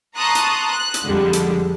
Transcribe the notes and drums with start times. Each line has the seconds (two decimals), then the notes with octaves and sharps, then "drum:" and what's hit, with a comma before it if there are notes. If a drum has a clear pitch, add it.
0.15 A5 A#5 C6 C#6 D#6 F#6
0.35 drum: hi-hat
0.69 F#6
0.94 drum: hi-hat
1.05 F2 D3 G3 G#3
1.33 drum: hi-hat